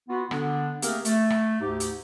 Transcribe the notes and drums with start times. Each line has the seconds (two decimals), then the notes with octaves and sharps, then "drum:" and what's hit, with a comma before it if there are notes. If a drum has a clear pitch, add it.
0.09 B3 F4 F#4
0.31 D3 B3 D4, drum: rim click
0.82 A3 A#3 C4 G4 G#4 A#4, drum: hi-hat
1.05 A3, drum: hi-hat
1.30 drum: rim click
1.61 D2 G#2 D#4 G4
1.80 drum: hi-hat